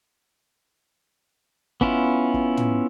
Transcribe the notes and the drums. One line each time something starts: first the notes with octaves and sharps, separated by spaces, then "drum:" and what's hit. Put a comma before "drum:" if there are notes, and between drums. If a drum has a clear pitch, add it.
B3 C#4 E4 F4, drum: kick
drum: kick
drum: tom